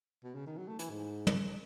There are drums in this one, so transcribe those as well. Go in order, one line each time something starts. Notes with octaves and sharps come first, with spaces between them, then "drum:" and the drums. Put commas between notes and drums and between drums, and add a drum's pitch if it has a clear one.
B2
C#3
D#3
F#3
A3
E3, drum: hi-hat
G#2
drum: tom